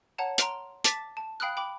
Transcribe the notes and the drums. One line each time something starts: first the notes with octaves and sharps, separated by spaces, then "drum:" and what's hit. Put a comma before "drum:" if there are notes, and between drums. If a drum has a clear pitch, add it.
C#5 F#5 A5 A#5
A#5 C6 F6 D7, drum: hi-hat
A5 D6 A6 B6, drum: hi-hat
A5
F5 G5 B5 D#6 F6 F#6
G5 B5 D6